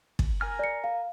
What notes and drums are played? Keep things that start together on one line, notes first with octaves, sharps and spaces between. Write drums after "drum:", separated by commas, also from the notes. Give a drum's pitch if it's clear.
drum: kick
A#4 G#5 F6
D5 C#7
F5